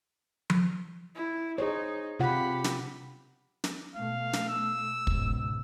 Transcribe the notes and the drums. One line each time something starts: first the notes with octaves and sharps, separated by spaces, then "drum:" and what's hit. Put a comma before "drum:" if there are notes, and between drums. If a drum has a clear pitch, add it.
drum: tom F3
E4
D#4 G#4 C5 C#5
C3 F4 G4 F#5 B5
drum: snare
drum: snare
B2 A3 F5
drum: snare
E6
C#2 G#2 B2, drum: kick